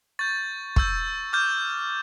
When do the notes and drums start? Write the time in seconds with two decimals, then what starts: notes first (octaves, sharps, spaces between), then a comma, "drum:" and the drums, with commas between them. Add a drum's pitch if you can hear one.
0.19 C#6 G6 A6
0.76 C#6 E6 G6, drum: kick
1.33 D6 F6 G6